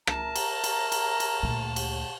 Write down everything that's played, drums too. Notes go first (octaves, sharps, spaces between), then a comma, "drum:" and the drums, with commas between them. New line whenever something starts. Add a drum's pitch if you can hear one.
A#4 E5 A5 A#5, drum: rim click
drum: cymbal
drum: cymbal
drum: cymbal
drum: cymbal
D2 A#2
drum: cymbal